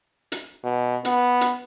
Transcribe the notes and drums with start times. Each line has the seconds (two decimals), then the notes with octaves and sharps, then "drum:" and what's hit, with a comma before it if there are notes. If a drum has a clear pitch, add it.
0.32 drum: hi-hat
0.64 B2
1.05 B3, drum: hi-hat
1.41 drum: hi-hat